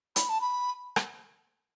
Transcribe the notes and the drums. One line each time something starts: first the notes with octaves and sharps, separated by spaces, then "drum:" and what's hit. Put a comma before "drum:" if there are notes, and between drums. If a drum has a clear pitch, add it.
B5, drum: hi-hat
A5
B5
drum: rim click